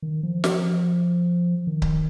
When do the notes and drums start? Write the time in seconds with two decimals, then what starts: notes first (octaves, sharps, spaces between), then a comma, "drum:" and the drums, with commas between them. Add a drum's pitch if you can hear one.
0.02 D#3
0.23 F3
0.44 F3, drum: snare
1.67 D#3
1.82 drum: kick C#1